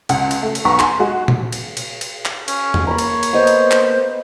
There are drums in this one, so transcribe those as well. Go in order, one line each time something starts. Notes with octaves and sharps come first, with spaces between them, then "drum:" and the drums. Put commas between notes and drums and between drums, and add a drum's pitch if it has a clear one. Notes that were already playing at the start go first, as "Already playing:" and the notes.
C#2 C#3 F#5, drum: cymbal
drum: cymbal
A3
drum: cymbal
B1 B3 F#5 A#5 C#6 B6
G#5 C6, drum: clap
G#3 F#4
drum: tom A#2
drum: cymbal
drum: cymbal
drum: cymbal
drum: clap
C#4, drum: cymbal
drum: tom E2
A#3 C#5 A#5 B5
drum: cymbal
drum: cymbal
B3 C5 D#5
drum: cymbal
drum: clap